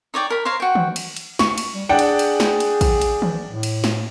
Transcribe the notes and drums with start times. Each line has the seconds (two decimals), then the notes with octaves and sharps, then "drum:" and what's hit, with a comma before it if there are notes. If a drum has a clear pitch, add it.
0.14 D#4 C#5 D5 G5
0.30 A#4 B5
0.45 C5 C#5 F5 A#5
0.60 F#4 G5
0.75 drum: tom D#3
0.96 drum: cymbal
1.16 drum: cymbal
1.39 C#6, drum: snare
1.58 drum: cymbal
1.74 G3
1.89 D4 G#4 F#5 G5
1.99 drum: cymbal
2.19 drum: cymbal
2.40 drum: snare
2.60 drum: cymbal
2.81 drum: kick, cymbal
3.01 drum: cymbal
3.22 drum: tom D#3
3.48 A2
3.63 drum: cymbal
3.84 drum: snare